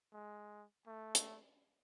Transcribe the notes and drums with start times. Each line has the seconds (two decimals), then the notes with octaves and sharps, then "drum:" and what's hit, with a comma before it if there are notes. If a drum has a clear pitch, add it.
0.13 G#3
0.87 A3
1.15 drum: hi-hat